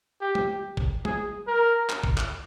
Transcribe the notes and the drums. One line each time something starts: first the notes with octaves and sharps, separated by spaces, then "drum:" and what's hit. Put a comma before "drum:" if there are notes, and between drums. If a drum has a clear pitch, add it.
G4
drum: tom
drum: kick
G#4, drum: tom
A#4
drum: clap
drum: kick
drum: clap